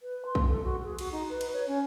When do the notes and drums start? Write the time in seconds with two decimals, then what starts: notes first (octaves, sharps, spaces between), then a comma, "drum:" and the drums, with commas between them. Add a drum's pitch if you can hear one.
0.02 B4
0.26 C6
0.35 drum: kick
0.48 A4
0.64 F#4
0.84 G#4
0.99 F#4, drum: cymbal
1.12 D#4
1.29 B4
1.41 drum: cymbal
1.54 C#5
1.67 C#4